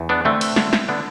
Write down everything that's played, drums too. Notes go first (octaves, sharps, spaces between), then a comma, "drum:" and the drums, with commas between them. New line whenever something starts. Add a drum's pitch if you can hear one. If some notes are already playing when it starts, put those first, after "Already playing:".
Already playing: E2
B3 D4
D3 A3 C4
drum: cymbal
D3, drum: snare
drum: snare
D3 B3 D4